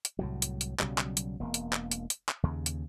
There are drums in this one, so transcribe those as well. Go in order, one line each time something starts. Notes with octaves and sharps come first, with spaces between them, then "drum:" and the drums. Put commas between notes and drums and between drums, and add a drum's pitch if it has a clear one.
drum: hi-hat
C2 A2 F#3
drum: hi-hat
drum: hi-hat
B1 C#3 F#3 G3, drum: clap
drum: clap
drum: hi-hat
E1 A#3
drum: hi-hat
drum: clap
drum: hi-hat
drum: hi-hat
drum: clap
D#2 C#3
drum: hi-hat